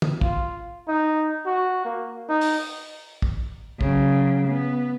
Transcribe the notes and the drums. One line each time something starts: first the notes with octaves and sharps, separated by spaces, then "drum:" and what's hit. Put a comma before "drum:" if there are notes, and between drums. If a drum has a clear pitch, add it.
drum: tom
F4, drum: kick
D#4
F#4
A#3
D#4
drum: open hi-hat
drum: kick
C#3 F#3, drum: kick
B3